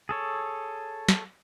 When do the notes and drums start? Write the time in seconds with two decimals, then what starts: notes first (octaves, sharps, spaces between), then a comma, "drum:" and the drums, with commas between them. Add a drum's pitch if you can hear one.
0.09 G#4 A4 C#5
1.09 drum: snare